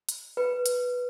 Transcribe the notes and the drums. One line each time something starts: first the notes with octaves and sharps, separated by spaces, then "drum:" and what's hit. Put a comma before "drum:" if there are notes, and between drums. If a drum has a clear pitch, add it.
drum: hi-hat
B4
drum: hi-hat